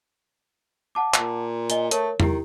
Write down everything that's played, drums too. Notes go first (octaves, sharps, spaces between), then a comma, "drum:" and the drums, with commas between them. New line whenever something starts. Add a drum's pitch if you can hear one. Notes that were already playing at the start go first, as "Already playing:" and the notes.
F#5 A5 D6
A#2, drum: clap
D#5 G#5 G7, drum: hi-hat
A3 A#4 C#5, drum: hi-hat
D#3 E4 G4, drum: tom E2